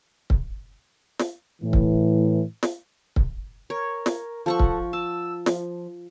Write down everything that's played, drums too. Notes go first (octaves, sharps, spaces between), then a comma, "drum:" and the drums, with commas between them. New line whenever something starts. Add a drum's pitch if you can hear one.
drum: kick C#1
drum: snare
A2 E3
drum: kick C#1
drum: snare
drum: kick C#1
A#4 C#5
drum: snare
F3 A4 F#5 C#6
drum: kick C#1
A5 E6
F3, drum: snare